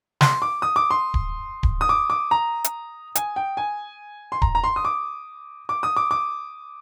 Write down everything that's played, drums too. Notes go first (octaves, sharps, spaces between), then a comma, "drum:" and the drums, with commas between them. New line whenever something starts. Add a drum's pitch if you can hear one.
C6, drum: snare
D6
D#6
D6
C6
drum: kick D1
drum: kick D1
D#6
D6
D6
A#5
drum: hi-hat
G#5, drum: hi-hat
G5
G#5
C6
A#5, drum: kick D1
A#5
C6
D#6
D6
D6
D#6
D6
D6